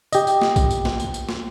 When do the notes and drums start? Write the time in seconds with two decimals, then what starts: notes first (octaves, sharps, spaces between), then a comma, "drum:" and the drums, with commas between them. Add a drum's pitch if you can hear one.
0.12 G4 D#5, drum: tambourine
0.27 drum: tambourine
0.41 drum: snare
0.56 drum: kick A#1, tambourine
0.71 drum: tambourine
0.85 drum: snare
1.00 drum: tambourine
1.14 drum: tambourine
1.29 drum: snare